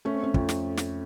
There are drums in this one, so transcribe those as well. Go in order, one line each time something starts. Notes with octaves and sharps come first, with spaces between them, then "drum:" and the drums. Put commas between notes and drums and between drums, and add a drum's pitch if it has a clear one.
A3 C#4
C4
C#4
F2, drum: kick
drum: snare
drum: snare